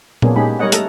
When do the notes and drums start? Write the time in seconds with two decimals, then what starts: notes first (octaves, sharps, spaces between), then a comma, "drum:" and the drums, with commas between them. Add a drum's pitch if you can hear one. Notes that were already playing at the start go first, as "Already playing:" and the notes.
0.22 A#3 B3 C#4 D4 G#4, drum: tom A#2
0.36 G#3 C#4 D#4 G4 G#4 B5
0.59 G3 A#4 C#5 D#5 F#5
0.72 A3 A4 A#5, drum: hi-hat